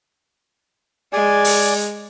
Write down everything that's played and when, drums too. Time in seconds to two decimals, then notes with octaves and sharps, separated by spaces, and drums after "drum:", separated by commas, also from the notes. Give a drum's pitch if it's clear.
1.13 G#3 D5 G#5
1.44 drum: open hi-hat